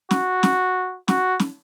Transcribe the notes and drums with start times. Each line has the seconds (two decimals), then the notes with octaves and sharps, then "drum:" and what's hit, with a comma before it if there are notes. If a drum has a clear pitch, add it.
0.11 F#4, drum: snare
0.43 drum: snare
1.08 F#4, drum: snare
1.40 drum: snare